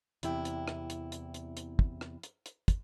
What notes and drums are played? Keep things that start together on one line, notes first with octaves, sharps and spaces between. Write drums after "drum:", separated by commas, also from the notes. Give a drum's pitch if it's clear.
E2 C3 E4 G5, drum: hi-hat
drum: hi-hat
drum: rim click
drum: hi-hat
drum: hi-hat
drum: hi-hat
drum: hi-hat
drum: kick
drum: rim click
drum: hi-hat
drum: hi-hat
drum: kick, hi-hat